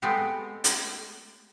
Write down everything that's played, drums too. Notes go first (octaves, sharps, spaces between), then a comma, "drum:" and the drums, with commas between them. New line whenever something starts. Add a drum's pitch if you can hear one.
G#3 A3 B3 C4 G4
drum: hi-hat